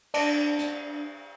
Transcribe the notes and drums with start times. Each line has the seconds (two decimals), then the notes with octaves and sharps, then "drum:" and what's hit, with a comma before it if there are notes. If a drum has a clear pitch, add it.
0.14 D4, drum: cymbal
0.59 drum: hi-hat